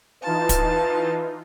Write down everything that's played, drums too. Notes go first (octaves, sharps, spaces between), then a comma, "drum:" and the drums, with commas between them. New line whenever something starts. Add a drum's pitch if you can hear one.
E3 D#4 F4 B4 A5
drum: kick, hi-hat